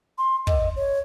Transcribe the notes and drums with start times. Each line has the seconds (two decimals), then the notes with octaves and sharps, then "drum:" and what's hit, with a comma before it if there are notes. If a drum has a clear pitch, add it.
0.18 C6
0.47 D#5, drum: kick
0.76 C#5